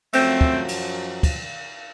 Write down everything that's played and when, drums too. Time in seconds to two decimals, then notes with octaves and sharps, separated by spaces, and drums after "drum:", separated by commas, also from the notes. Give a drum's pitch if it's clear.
0.13 F#2 F3 A3 C4, drum: cymbal
0.41 drum: kick
0.68 drum: cymbal
1.23 drum: kick, cymbal